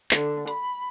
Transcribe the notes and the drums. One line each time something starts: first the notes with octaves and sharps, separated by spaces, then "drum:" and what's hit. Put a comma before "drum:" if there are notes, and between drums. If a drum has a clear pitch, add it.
D3, drum: clap
B5, drum: hi-hat